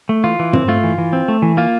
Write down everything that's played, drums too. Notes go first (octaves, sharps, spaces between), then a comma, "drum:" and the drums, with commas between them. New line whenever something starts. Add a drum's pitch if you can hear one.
A3
E3 F4
E3
C4, drum: tom
A3 F4
E3
E3
C4
A3
E3
A#3 F4